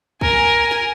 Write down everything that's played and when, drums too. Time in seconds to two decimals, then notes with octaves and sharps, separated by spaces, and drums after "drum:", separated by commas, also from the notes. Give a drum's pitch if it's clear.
0.21 A#4 G#5, drum: kick
0.71 drum: snare